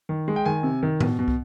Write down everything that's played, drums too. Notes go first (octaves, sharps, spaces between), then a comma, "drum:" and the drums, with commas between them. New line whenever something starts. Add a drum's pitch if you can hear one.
D#3
G#3
G5
D#3 G#5
C3
D#3
B2, drum: tom A2
B2
drum: kick